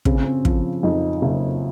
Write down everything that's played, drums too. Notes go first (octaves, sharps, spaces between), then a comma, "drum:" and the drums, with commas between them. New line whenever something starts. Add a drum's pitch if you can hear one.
C#3 C4, drum: kick
C#4
C4
F3, drum: kick
F2 D#4
F#1